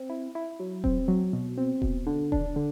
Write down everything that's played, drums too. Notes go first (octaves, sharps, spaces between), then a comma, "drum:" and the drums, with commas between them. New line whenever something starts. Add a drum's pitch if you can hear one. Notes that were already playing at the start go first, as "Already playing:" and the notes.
Already playing: C4
E4
E4
F#3
C4, drum: kick D#1
F#3
B2
C4
B2, drum: kick D#1
D3
D4, drum: kick D#1
D3